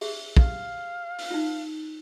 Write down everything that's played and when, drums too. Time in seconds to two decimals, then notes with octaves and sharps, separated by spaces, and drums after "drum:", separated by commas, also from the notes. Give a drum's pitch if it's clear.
0.01 G4 G#4 E5, drum: open hi-hat
0.37 G4 F5, drum: kick
1.19 drum: open hi-hat
1.31 D#4 F4